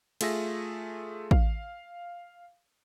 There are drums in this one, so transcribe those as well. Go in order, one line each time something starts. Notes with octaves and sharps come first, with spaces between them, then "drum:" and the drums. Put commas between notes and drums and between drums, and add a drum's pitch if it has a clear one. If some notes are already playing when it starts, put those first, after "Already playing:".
A3 F4 G#4 E5 A#6, drum: cymbal
F5, drum: kick